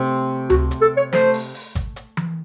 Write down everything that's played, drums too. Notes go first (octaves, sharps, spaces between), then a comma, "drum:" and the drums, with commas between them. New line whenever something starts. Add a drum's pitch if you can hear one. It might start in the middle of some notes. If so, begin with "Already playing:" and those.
Already playing: C3 A3 C4
F#4, drum: tom C#2
drum: hi-hat
A4
C#5
A3 C5, drum: snare
drum: open hi-hat
drum: open hi-hat
drum: kick G#1, hi-hat
drum: hi-hat
drum: tom E3